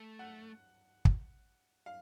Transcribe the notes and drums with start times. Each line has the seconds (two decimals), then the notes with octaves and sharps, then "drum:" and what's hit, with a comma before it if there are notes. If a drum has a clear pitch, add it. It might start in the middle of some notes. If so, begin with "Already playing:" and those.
Already playing: A3
0.19 F#5
1.05 drum: kick
1.86 F5